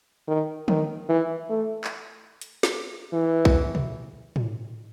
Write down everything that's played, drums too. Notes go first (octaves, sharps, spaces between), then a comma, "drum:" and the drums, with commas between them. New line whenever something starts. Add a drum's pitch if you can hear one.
D#3
D#3, drum: tom
E3
A3
drum: clap
drum: hi-hat
drum: snare
E3
drum: kick
drum: tom
drum: tom